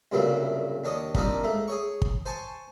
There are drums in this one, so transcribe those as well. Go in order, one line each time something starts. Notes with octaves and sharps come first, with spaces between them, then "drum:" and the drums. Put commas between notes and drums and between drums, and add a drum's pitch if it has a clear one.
C2 G2 A#2 C#3 F#3 A3
D#2 D4 C#5 D#5
G3 A#3 C4 D4 D#4 F4, drum: kick
G#2 A3
G#4 C#5 C#6
drum: kick
C5 G#5 A5 C6 C#6